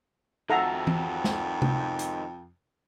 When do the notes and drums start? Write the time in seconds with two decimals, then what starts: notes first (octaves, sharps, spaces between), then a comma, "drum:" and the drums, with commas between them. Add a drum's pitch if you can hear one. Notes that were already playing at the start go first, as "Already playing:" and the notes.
0.50 F2 D#3 F#4 A4 E5 F#5 A#5
0.87 drum: tom E3
1.24 drum: snare
1.62 drum: tom C3
1.99 drum: hi-hat